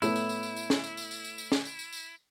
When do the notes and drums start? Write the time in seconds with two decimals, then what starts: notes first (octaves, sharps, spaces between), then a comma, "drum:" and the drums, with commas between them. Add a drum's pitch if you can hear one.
0.02 A2 A3 B3 E4, drum: tambourine
0.16 drum: tambourine
0.29 drum: tambourine
0.43 drum: tambourine
0.56 drum: tambourine
0.70 drum: snare
0.84 drum: tambourine
0.97 drum: tambourine
1.11 drum: tambourine
1.24 drum: tambourine
1.38 drum: tambourine
1.52 drum: snare
1.65 drum: tambourine
1.79 drum: tambourine
1.92 drum: tambourine